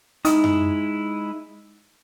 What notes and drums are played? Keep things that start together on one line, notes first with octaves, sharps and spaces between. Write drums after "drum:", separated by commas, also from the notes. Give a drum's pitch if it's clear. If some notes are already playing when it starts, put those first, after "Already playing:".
G#3 D#4 E4 D#6, drum: hi-hat
drum: tom F#2